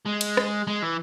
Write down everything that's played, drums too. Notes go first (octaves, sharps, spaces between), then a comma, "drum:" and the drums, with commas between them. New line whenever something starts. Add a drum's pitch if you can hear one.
G#3
drum: cymbal
drum: rim click
G#3
E3